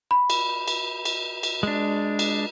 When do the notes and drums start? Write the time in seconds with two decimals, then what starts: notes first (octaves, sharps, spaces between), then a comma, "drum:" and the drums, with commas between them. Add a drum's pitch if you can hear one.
0.11 B5
0.30 drum: cymbal
0.68 drum: cymbal
1.05 drum: cymbal
1.43 drum: cymbal
1.63 G#3 D4
2.19 drum: cymbal